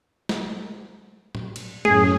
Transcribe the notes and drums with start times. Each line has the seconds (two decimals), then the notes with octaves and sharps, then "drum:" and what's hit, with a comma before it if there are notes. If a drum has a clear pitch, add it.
0.29 drum: snare
1.35 drum: tom A2
1.56 drum: cymbal
1.85 F#2 A2 C#4 G#4, drum: tom